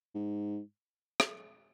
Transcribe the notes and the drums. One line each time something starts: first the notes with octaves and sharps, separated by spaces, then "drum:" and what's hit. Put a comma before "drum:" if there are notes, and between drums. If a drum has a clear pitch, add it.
G#2
drum: rim click